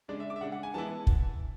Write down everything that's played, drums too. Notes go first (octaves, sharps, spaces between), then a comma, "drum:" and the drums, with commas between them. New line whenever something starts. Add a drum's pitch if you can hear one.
C#3 G#3 D4 D5
E5
D6
E5
C#3 G#3 D4 F#5
F#5
G#5
E3 G#3 B3 E4 A5
drum: kick